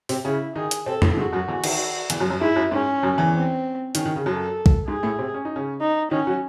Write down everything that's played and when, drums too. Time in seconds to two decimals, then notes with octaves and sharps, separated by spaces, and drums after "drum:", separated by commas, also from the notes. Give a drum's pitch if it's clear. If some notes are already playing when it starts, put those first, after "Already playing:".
0.09 C3 C4, drum: open hi-hat
0.25 C#3 C#4 E4
0.55 D#3 D#4 G#4
0.71 drum: hi-hat
0.86 C3 C4 A4
1.02 A2 A3, drum: tom
1.17 G#2 G#3 F#4
1.32 F#2 F#3
1.48 E2 E3
1.64 D#3, drum: cymbal
2.10 E2 E3, drum: hi-hat
2.20 F#2 F#3
2.30 F#2 F#3
2.41 G#2 G#3 E4
2.56 F#2 F#3
2.71 G#2 G#3 C#4
3.03 F#2 F#3
3.18 E2 E3
3.34 C4
3.95 D#3 C#4, drum: hi-hat
4.05 D#3
4.16 C#3
4.26 F#2 F#3 A4
4.66 drum: kick
4.88 G#2 G#3 G#4
5.03 A2 A3
5.19 C3 C4
5.34 C#4
5.45 D#4
5.56 C#3 C#4
5.80 D#4
6.11 D#3 C#4 D#4
6.27 F#3 F#4